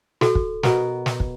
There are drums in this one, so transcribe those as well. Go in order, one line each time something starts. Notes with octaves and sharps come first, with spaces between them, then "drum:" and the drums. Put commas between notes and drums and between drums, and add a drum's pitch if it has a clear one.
F#4 A4, drum: snare
drum: kick
B2 B3 A#4, drum: snare
drum: snare
drum: kick